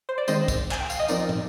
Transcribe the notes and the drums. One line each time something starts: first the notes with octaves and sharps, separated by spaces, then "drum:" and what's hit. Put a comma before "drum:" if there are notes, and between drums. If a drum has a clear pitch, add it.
C5
D5
D#3 G#3 C4 C5 D#5, drum: tambourine
drum: kick, tambourine
G#5, drum: clap
G5
F5, drum: tambourine
D#5
F3 C4 D#4 A#4 D5, drum: tambourine
drum: tom